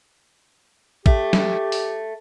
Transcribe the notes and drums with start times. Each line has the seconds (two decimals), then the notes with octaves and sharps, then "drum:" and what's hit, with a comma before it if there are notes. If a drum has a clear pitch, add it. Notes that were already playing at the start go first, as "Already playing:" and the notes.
1.06 A3 G4, drum: kick A1
1.33 drum: snare
1.72 drum: open hi-hat